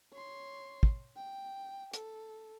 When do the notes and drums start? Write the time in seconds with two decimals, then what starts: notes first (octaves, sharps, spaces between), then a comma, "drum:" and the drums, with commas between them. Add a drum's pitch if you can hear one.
0.13 C#5 C6
0.83 drum: kick
1.16 G5
1.93 A4, drum: hi-hat